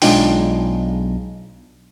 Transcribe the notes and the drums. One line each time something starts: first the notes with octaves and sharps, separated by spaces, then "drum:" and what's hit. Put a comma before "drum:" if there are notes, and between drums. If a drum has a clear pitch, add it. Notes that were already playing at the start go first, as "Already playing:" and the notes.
B1 G#3 D4 D#4 F4 G5, drum: open hi-hat